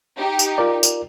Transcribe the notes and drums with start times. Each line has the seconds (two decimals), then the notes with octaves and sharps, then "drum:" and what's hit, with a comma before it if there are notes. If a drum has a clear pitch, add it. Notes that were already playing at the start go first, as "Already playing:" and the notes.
0.17 D#4 G4
0.39 drum: tambourine
0.58 F4 A#4 D5
0.83 drum: tambourine